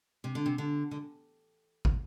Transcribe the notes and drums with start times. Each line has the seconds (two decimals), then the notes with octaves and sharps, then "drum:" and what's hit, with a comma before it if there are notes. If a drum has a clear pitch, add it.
0.24 C3
0.35 D3
0.46 C3
0.58 D3
0.91 D3
1.85 drum: kick